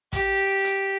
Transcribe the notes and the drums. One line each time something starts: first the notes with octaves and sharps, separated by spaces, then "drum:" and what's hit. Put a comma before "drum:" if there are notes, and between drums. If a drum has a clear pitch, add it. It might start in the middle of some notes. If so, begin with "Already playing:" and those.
G4, drum: kick, hi-hat
drum: hi-hat